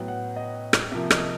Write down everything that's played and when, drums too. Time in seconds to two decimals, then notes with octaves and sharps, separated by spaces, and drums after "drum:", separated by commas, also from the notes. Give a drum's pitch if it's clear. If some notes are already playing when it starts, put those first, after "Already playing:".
Already playing: A2 F#3 B3 G5
0.08 F#5
0.36 D#5
0.73 drum: rim click
0.92 C3 F3 A#3 E5
1.11 D#5, drum: rim click